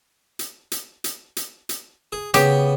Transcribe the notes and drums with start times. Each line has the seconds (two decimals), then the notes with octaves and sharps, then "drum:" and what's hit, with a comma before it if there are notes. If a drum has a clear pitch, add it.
0.39 drum: hi-hat
0.72 drum: hi-hat
1.04 drum: hi-hat
1.37 drum: hi-hat
1.69 drum: hi-hat
2.12 G#4
2.34 C#3 B3 G4, drum: hi-hat